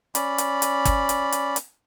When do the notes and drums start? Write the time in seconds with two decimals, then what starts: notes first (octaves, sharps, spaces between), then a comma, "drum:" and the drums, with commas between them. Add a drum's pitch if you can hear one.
0.15 C#4 D5 B5, drum: hi-hat
0.38 drum: hi-hat
0.62 drum: hi-hat
0.85 drum: kick, hi-hat
1.09 drum: hi-hat
1.32 drum: hi-hat
1.56 drum: hi-hat